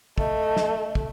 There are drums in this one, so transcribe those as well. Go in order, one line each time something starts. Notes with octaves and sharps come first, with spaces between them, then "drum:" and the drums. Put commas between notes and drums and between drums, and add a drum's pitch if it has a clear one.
A3 D#5, drum: kick
drum: snare
drum: kick